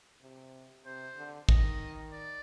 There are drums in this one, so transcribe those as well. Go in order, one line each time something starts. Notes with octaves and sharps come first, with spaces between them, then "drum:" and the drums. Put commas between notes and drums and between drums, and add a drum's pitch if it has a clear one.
C3
C3 C5
D3
D#3 D#5, drum: kick
D5